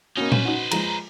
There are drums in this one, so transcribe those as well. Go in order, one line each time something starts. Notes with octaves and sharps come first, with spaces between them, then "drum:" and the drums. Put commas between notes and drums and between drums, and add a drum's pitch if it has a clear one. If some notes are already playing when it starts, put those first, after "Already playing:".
B2 A#3 C#4 D#4
B4 C5, drum: tom A#2
D#4 F#4
F3 G#3 A#5, drum: cymbal